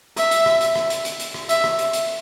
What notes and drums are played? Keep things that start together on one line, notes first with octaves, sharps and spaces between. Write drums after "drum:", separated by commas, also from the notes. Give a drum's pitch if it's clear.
E5, drum: hi-hat
drum: hi-hat
drum: rim click
drum: hi-hat
drum: rim click
drum: hi-hat
drum: hi-hat
drum: hi-hat
drum: rim click
E5, drum: hi-hat
drum: rim click
drum: hi-hat
drum: hi-hat